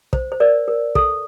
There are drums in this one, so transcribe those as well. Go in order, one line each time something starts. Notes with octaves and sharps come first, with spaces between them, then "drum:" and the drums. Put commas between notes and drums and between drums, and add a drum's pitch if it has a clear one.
C5, drum: kick
C5
A#4 D5
A#4
A4, drum: kick